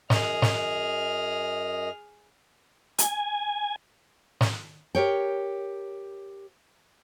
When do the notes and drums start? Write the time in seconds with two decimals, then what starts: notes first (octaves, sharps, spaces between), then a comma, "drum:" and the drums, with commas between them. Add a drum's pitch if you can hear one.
0.10 F#2 G#4 D#5 F6, drum: snare
0.42 drum: snare
2.99 G#5, drum: hi-hat
4.41 drum: snare
4.95 G4 A#4 C#5 G5